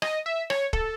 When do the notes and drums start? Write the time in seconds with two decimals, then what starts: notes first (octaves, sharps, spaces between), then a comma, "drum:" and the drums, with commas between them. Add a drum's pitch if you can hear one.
0.02 D#5, drum: rim click
0.26 E5
0.50 C#5, drum: rim click
0.73 A4, drum: kick